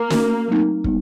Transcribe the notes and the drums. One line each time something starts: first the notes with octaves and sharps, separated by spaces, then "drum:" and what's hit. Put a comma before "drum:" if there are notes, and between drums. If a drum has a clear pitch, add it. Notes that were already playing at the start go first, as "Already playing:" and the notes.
Already playing: A#3
C#4 F#4 A#4, drum: snare
F#3 A3 C4 D#4
G3 B3 D#4, drum: kick